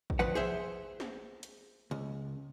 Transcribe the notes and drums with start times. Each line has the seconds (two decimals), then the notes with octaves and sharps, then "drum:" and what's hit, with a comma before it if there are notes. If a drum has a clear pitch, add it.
0.10 drum: kick A1
0.19 D2 F3 B4 F#5
0.35 G#4 C5 E5
1.00 drum: snare
1.43 drum: hi-hat
1.91 C#2